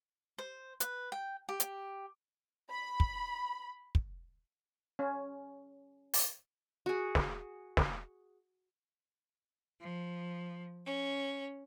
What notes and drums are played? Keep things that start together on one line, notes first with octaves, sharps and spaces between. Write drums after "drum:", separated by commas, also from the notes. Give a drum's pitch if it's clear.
C5
B4, drum: hi-hat
G5
G4
drum: hi-hat
B5
drum: kick
drum: kick
C#4
drum: open hi-hat
F#4 G#4
drum: snare
drum: snare
F3
C#4